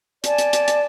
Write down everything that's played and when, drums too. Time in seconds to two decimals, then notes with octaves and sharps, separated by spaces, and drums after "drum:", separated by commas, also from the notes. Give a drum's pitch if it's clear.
0.24 D5 G#5 A5, drum: hi-hat
0.38 drum: hi-hat
0.53 drum: hi-hat
0.68 drum: hi-hat